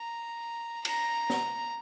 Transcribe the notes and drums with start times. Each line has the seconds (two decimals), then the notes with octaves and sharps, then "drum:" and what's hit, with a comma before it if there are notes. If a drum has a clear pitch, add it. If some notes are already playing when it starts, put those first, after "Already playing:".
Already playing: A#5
0.85 A#5, drum: cymbal
1.30 drum: snare